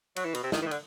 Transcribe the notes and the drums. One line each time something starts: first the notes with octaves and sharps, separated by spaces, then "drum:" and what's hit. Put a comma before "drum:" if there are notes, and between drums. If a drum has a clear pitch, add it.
F#3, drum: cymbal
E3
B2, drum: cymbal
C3
D#3, drum: snare
E3
D#3
D3, drum: cymbal